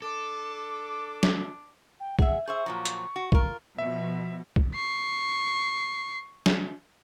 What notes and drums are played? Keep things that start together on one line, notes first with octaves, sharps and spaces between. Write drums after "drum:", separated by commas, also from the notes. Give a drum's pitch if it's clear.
D4 A4 D6
drum: snare
G5
G#4 E5 F#5, drum: kick
G#4 C5 E5 C#6
A#2 F3 F#3
drum: hi-hat
F#4
F4 A#4, drum: kick
B2 F3 E5
drum: kick
C#6 C7
drum: snare